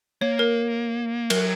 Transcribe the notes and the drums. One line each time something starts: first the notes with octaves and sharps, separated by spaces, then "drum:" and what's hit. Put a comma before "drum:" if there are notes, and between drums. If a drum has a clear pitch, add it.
A#3 C#5
A#4
F#3 A#4, drum: cymbal